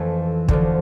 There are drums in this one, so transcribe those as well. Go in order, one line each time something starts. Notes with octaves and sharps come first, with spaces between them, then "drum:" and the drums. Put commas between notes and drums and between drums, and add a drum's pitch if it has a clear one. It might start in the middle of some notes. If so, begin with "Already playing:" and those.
Already playing: F2 E3 A3 C4
D2 D3 F3, drum: kick